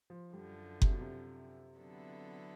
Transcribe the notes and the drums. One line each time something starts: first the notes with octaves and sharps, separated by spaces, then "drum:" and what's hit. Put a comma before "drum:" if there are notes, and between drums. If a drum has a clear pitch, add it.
F3
F#2 D3 F3 G3
C3, drum: kick F#1
B2
C3
D3 F#3 B3 E4 A4